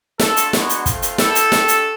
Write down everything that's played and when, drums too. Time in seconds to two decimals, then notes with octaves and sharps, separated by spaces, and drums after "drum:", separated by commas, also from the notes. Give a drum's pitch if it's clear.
0.20 A3 D4 F4 A4, drum: snare
0.37 drum: hi-hat
0.53 G#3 B3 D4 F#4, drum: snare
0.69 drum: hi-hat
0.86 A3 C4 F4, drum: kick, hi-hat
1.02 drum: hi-hat
1.18 B3 E4 G4 A4, drum: snare
1.35 drum: hi-hat
1.52 A3 D4 G4, drum: snare
1.68 drum: hi-hat